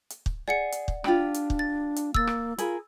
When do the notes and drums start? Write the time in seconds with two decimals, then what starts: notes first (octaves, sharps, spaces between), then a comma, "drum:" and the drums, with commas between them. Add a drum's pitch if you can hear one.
0.10 drum: hi-hat
0.26 drum: kick
0.48 G#4 D5 F#5 C#7
0.72 drum: hi-hat
0.88 drum: kick
1.04 D4 F4 G4 B5, drum: rim click
1.34 drum: hi-hat
1.50 drum: kick
1.59 A6
1.96 drum: hi-hat
2.15 A#3 E6 A6, drum: kick
2.27 drum: rim click
2.58 F4 G#4 A#4 B5, drum: hi-hat